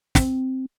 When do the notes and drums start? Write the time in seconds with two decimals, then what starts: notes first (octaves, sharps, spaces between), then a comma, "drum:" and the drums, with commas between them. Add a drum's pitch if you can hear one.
0.15 C4, drum: snare